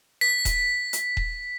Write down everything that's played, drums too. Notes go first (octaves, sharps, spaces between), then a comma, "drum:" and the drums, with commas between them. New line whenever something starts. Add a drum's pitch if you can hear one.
B6
drum: kick D#1, hi-hat
drum: hi-hat
drum: kick D#1